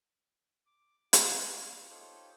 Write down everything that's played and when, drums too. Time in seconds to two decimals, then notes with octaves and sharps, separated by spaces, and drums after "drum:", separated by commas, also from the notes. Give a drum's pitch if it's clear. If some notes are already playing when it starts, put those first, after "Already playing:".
0.67 D6
1.13 D#4 F4 G4 F#5, drum: hi-hat
1.62 F5
1.90 D#4 F4 G4 A4 C5 C#5